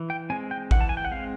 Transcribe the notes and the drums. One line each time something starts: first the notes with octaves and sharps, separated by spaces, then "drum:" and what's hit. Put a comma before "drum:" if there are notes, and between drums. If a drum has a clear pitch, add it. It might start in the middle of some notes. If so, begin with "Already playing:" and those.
Already playing: E3
G5
G#3 C4 G#5
G5
E3 F#5, drum: kick
A5
G#5
G5
F#5
G#3 C4 F5